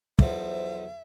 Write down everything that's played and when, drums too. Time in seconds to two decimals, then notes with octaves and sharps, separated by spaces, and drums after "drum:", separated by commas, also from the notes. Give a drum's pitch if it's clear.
0.19 B1 E2 F3 C5 E5, drum: kick